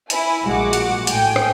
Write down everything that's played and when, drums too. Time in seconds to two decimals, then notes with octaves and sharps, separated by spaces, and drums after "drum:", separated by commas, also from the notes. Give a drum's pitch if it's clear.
0.10 E4 G#5, drum: hi-hat
0.47 A#1 G#3 F#4 F#5 D6
0.73 drum: hi-hat
1.07 A2 G5 G#5, drum: hi-hat
1.36 drum: rim click